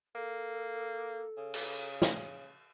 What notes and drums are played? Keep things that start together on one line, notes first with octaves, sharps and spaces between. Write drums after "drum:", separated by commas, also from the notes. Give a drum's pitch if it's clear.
A#3 A4
C#3
drum: cymbal
drum: snare